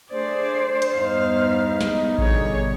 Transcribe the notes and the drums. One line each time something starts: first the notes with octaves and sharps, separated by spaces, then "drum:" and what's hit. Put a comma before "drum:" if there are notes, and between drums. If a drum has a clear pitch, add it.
A3 D4 G#4 C5 D5
drum: hi-hat
E2 G2 B3 D#4 F5
drum: snare
B2 D3 G3 G#4 C#5, drum: kick A1